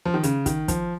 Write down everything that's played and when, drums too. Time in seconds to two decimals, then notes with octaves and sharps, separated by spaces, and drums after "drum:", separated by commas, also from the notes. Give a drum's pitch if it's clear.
0.06 F3
0.14 D#3
0.23 C#3, drum: hi-hat
0.46 D#3, drum: kick, hi-hat
0.68 F3, drum: kick, hi-hat